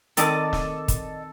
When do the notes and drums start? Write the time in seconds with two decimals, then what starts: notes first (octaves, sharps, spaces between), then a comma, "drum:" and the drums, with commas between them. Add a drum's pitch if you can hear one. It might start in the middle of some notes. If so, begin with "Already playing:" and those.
0.17 D#3 C4 A4 A#4 D5 D#5 D6 E6, drum: hi-hat
0.53 drum: snare
0.88 drum: kick, hi-hat